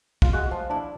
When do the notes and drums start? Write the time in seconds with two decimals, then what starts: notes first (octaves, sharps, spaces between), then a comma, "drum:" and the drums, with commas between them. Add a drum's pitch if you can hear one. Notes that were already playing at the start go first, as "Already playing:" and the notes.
0.22 F4, drum: kick
0.33 G#3 F#4
0.51 F3 F4
0.70 D4 E4